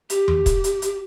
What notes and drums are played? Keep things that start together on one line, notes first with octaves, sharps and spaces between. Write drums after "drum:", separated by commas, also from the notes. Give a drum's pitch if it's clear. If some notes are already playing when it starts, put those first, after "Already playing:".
G4, drum: hi-hat
drum: tom E2
drum: kick, hi-hat
drum: hi-hat
drum: hi-hat